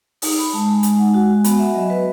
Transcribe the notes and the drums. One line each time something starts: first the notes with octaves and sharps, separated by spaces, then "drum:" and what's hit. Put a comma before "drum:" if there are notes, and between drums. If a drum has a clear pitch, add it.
D#4 D#6, drum: open hi-hat
B5
G#3 A5
G#5
G#3 G#5, drum: hi-hat
F#5
F#4 F#5
G#5
B3 G#5, drum: hi-hat
E5
F#3 D#5
B4